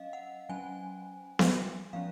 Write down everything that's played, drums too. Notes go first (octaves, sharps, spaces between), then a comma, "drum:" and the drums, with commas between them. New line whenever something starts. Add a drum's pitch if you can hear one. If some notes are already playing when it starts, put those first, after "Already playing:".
Already playing: F#3 C#4 D#5 F5
F#5
F#3 C#4 G#5
drum: snare B3
F3 G#3 C#4 F5